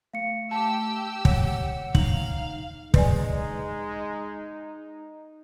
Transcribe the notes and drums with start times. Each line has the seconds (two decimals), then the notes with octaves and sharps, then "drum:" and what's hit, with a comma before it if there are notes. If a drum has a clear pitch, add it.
0.14 A3 F5 C#7
0.51 G4 A5 E6
1.25 C#5 F#5, drum: kick
1.95 D#4 F5 F#7, drum: kick
2.94 G#3 D#4 B4 D5 G#5, drum: kick